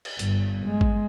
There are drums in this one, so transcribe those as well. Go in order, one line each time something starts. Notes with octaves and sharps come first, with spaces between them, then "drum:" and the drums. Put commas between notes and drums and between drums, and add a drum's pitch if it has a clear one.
drum: cymbal
G1 G2, drum: hi-hat
G#3
drum: kick G#1